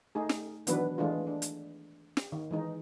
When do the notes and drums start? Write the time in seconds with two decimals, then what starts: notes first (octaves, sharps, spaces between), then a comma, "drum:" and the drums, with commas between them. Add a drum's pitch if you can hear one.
0.15 A3 D#4 G#4
0.29 drum: snare
0.67 D#3 E3 F#3 B3 D4 B4, drum: hi-hat
0.98 E3 G#3 A3 D4 F4
1.27 D4
1.42 drum: hi-hat
2.17 drum: snare
2.32 D#3
2.51 E3 G#3 D#4